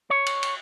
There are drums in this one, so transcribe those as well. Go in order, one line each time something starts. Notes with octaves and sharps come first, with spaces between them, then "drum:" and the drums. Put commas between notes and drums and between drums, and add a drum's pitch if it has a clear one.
C#5
drum: cymbal
drum: cymbal